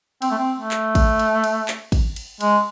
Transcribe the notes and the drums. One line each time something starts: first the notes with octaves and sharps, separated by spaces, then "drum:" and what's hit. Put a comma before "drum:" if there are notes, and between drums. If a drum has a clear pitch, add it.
C4, drum: cymbal
A3
C4
A3
drum: clap
drum: kick, cymbal
drum: cymbal
drum: cymbal
drum: clap
drum: kick, cymbal
drum: cymbal
G#3, drum: cymbal